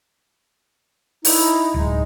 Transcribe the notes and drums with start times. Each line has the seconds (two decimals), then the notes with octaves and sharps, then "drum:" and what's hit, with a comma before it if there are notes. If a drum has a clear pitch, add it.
1.25 D#4 E4, drum: open hi-hat
1.74 D1 G#3 D#4